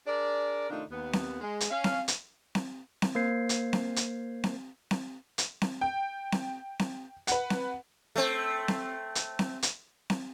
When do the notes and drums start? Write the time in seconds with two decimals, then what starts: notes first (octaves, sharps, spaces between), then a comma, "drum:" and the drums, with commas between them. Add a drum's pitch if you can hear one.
0.07 D4 G#4 A#4 D5
0.70 C3 D#3 A3 D4 D#4 F4
0.90 D#2 B3
1.13 drum: snare C4
1.41 G#3
1.61 drum: hi-hat
1.70 C#4 F5
1.84 drum: snare C4
2.08 drum: hi-hat
2.55 drum: snare C4
3.02 drum: snare C4
3.15 A#3 A#4 C5 G6 G#6 C7
3.49 drum: hi-hat
3.73 drum: snare C4
3.96 drum: hi-hat
4.44 drum: snare C4
4.91 drum: snare C4
5.38 drum: hi-hat
5.62 drum: snare C4
5.81 G5
6.32 drum: snare C4
6.79 drum: snare C4
7.27 B4 F#5, drum: hi-hat
7.50 drum: snare C4
8.16 A3 C4
8.68 drum: snare C4
9.15 drum: hi-hat
9.39 drum: snare C4
9.62 drum: hi-hat
10.10 drum: snare C4